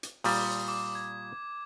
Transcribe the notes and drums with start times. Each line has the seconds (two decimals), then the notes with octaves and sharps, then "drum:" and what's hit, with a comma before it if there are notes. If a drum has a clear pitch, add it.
0.03 drum: hi-hat
0.24 A#2 G3 D#6, drum: open hi-hat
0.68 D6
0.95 G#6